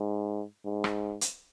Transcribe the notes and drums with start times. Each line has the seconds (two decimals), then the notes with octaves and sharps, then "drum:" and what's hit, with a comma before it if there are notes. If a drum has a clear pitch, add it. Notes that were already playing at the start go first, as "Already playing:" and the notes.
Already playing: G#2
0.65 G#2
0.84 drum: rim click
1.21 drum: hi-hat